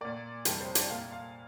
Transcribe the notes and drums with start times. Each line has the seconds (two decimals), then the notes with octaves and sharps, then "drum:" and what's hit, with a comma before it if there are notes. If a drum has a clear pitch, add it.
0.01 A#2 A#3 D5
0.45 F2 C3 G3 A#3 G5, drum: hi-hat
0.61 C5
0.75 D5, drum: hi-hat
0.90 A#2 A#3 F5
1.12 F5